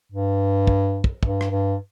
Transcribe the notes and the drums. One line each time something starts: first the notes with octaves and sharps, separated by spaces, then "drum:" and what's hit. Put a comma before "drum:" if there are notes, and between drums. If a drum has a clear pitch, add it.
G2
drum: kick
drum: kick
G2, drum: kick
drum: rim click
G2